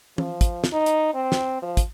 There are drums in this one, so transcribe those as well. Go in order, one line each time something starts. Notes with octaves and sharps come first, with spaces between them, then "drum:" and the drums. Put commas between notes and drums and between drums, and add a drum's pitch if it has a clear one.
F3, drum: tom E3
drum: kick, hi-hat
drum: snare
D#4
drum: hi-hat
C4
drum: snare
F3
drum: kick, hi-hat